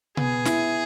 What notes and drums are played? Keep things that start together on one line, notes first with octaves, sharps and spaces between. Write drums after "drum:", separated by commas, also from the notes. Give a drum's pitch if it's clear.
B3 G#4, drum: tom B2
E4, drum: snare